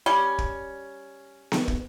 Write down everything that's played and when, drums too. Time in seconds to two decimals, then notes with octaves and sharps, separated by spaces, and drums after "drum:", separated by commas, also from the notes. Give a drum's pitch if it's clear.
0.06 G3 C#4
0.38 drum: kick
1.52 drum: snare B3
1.68 drum: kick